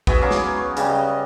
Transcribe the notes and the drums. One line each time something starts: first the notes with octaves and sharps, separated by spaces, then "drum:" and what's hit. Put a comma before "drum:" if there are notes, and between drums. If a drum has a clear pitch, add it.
B3 F#4 G#4 E5, drum: kick
F#3 C#4 F5 D6
drum: snare
C#5
C#3 G3, drum: hi-hat
D#5